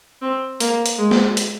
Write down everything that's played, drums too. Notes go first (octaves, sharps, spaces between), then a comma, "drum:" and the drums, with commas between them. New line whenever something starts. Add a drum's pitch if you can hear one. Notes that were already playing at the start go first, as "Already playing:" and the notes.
C4
A#3, drum: hi-hat
drum: hi-hat
G#3
drum: snare
drum: hi-hat